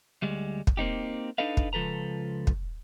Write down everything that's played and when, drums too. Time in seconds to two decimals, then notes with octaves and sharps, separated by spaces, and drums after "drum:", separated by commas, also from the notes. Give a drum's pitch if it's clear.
0.22 D2 G3 G#3
0.67 drum: kick
0.77 A#3 C4 D#4 G4
1.38 D4 D#4 A4 B4 D#5 F5
1.57 drum: kick
1.73 C#2 F3 A4 B4 A#5
2.47 drum: kick